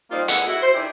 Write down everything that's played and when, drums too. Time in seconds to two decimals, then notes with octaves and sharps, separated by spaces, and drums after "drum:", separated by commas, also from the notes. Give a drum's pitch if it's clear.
0.11 F3 G3 A#3 C4 D#4 F4
0.28 A#2 G#3 B3 E4 A4 F#5, drum: hi-hat
0.46 E4 F#4
0.62 C5
0.74 D#3 D4 E4 G4 G#4